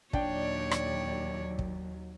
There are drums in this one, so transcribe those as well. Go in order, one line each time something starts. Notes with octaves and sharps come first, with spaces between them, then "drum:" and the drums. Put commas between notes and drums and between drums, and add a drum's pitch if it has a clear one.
D#2 A#2 F#3 D4 C#5 D5 G5, drum: kick
drum: rim click
drum: kick